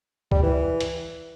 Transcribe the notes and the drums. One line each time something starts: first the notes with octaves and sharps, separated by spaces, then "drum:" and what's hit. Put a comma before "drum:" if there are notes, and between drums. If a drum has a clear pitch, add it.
G3, drum: kick C#2
E3
drum: hi-hat